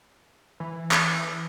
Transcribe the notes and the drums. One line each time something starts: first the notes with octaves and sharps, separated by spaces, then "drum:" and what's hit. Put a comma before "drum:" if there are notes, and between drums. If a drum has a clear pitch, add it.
E3
drum: clap